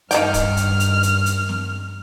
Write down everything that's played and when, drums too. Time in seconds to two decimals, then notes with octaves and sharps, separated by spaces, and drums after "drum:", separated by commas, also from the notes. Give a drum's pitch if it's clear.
0.11 G2 D#3 D#4 G5 F6, drum: hi-hat
0.34 drum: kick, hi-hat
0.57 drum: hi-hat
0.80 drum: hi-hat
1.03 drum: hi-hat
1.26 drum: hi-hat
1.49 drum: snare